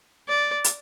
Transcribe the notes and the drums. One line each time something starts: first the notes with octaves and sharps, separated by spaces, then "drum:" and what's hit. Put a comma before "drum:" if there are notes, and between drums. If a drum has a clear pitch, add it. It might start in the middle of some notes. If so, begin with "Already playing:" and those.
D5
drum: hi-hat